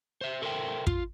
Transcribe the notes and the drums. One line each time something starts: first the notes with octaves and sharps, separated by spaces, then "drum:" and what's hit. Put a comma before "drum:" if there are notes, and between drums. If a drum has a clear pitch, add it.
C5 E5
A4 A#4 C5 C#5 E5 G5
F4, drum: kick